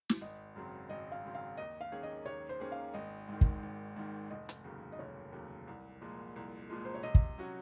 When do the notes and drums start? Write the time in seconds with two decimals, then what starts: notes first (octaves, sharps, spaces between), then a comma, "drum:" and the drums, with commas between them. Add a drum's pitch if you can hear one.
0.09 drum: snare
0.21 G#1 D#5
0.55 F#2 C#3 F#3 C4
0.89 G#1 D#5
1.12 F5
1.23 F#2 C#3 F#3 C4
1.35 F5
1.57 D#2 D#5
1.81 F5
1.92 D#3 A#3 C#4 G#4
2.03 D#5
2.26 D#2 C#5
2.49 C5
2.60 D#3 A#3 C#4 G#4
2.72 F5
2.94 G#1 D#5
3.29 G#2 D#3
3.41 drum: kick
3.63 G#1
3.96 G#2 D#3
4.30 F1 D#5
4.49 drum: hi-hat
4.64 D#2 C#3 F#3
4.92 D#5
4.99 F1 C#5
5.32 D#2 C#3 F#3
5.68 C2
6.01 A#2 F3 G#3
6.36 C2
6.70 A#2 F3 G#3
6.85 C5
6.95 C#5
7.03 C3 D#5
7.15 drum: kick
7.38 F#3 C#4 F#4